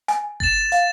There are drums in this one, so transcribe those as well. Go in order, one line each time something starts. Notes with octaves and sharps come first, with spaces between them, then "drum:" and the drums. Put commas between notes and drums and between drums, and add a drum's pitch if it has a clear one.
G#5, drum: hi-hat
A6 E7, drum: kick G1
F5, drum: hi-hat